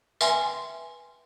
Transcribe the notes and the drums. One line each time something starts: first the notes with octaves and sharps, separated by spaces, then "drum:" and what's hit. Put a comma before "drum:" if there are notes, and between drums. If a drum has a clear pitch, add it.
B4 E5 G5 G#5 A#5 C6, drum: tambourine